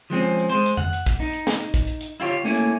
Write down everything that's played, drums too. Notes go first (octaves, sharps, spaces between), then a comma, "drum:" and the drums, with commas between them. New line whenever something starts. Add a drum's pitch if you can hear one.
F3 G#3 C4 C#4
drum: hi-hat
G#3 C5, drum: hi-hat
drum: hi-hat
F#5, drum: tom F2
drum: hi-hat
drum: kick, hi-hat
D#4, drum: open hi-hat
drum: hi-hat
drum: snare
drum: hi-hat
drum: kick, hi-hat
drum: hi-hat
drum: hi-hat
E4 F4 G4 C#5
A3 A#3 C#4 E4
drum: hi-hat